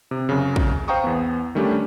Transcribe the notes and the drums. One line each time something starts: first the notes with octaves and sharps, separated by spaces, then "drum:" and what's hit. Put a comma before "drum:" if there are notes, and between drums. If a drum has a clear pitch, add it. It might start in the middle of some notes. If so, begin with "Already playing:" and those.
C3
F#2 C#3
drum: kick
C5 F5 G5 A#5 C#6 D#6
E2 B3
D#3 G3 A3 C#4 D4 G4